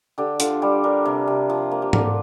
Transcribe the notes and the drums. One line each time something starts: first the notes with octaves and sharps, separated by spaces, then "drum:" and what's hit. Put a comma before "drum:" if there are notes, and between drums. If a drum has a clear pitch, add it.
D3 G4
D3 F4, drum: hi-hat
G3 G4
D4 A#4
C3
C3
F3
A#3
G4
D3 F4, drum: tom G#2